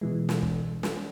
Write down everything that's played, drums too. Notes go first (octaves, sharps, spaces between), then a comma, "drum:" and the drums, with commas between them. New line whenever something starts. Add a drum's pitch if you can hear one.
B2 E3 G#3
drum: snare
drum: kick
drum: snare